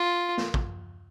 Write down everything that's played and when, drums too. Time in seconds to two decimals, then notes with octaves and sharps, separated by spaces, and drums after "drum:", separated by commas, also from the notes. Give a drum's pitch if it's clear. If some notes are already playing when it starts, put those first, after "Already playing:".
Already playing: F4
0.38 drum: snare
0.54 drum: kick